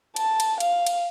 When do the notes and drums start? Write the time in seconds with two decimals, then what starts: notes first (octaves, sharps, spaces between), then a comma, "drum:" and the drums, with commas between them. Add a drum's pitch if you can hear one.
0.16 A5, drum: cymbal
0.40 drum: cymbal
0.60 F5, drum: cymbal
0.86 drum: cymbal